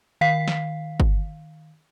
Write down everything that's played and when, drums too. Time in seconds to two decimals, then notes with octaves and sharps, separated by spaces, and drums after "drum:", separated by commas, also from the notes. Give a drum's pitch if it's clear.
0.21 D#3 F5 B6 C7
0.48 drum: snare
1.00 drum: kick G1